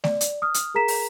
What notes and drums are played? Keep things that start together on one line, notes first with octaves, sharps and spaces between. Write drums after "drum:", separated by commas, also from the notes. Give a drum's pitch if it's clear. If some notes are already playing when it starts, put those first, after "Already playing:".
D5, drum: snare A3
drum: hi-hat
D#6 F6
drum: hi-hat
G#4 A#4 A#5 B6 E7
drum: open hi-hat